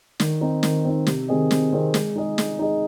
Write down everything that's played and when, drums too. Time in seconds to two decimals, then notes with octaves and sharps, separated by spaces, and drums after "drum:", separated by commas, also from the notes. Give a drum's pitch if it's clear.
0.20 D#3, drum: snare
0.41 C4 D#4
0.63 D#3, drum: snare
0.85 C4 D#4
1.07 C3, drum: snare
1.28 D#3 C4 G#4 D#5
1.51 C3, drum: snare
1.73 D#3 C4 G#4 D#5
1.94 G#3, drum: snare
2.16 D#4 G#4 D#5
2.38 G#3, drum: snare
2.59 D#4 G#4 D#5